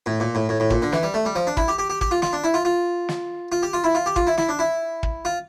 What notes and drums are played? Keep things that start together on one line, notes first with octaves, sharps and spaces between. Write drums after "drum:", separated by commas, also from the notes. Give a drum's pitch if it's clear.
A2
A#2
A2
A2
A2
A#2, drum: kick
D3
E3, drum: snare
G3
A3
G3
F3
D4
E4, drum: kick
G4
G4
G4
G4, drum: kick
F4
F4, drum: snare
D4
E4
F4
F4
drum: snare
F4
G4
F4
E4
F4
G4
F4, drum: kick
E4
E4, drum: snare
D4
E4
drum: kick
F4